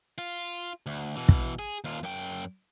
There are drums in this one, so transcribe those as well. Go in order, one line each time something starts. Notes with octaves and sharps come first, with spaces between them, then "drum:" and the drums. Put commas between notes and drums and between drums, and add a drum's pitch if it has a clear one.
F4
D2
B2 E3
drum: kick
G#4
D#2 F4
F#2 G5